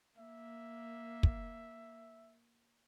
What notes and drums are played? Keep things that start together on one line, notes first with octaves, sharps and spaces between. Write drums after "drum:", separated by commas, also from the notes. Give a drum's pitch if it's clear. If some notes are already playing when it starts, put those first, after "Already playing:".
A#3 E5
drum: kick